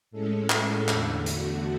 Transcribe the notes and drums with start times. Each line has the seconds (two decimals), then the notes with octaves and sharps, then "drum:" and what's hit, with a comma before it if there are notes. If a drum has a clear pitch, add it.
0.11 A2 G#3 C#4 A4
0.50 drum: clap
0.88 E2 D3 A3, drum: clap
1.26 F#4, drum: hi-hat